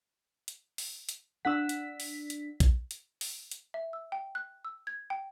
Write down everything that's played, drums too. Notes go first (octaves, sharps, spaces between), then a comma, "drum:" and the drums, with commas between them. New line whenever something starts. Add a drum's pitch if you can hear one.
drum: hi-hat
drum: open hi-hat
drum: hi-hat
D4 F#5 E6 B6
drum: hi-hat
drum: open hi-hat
drum: hi-hat
drum: kick A#1, hi-hat
drum: hi-hat
drum: open hi-hat
drum: hi-hat
E5
E6
G5
F#6
E6
G#6
G5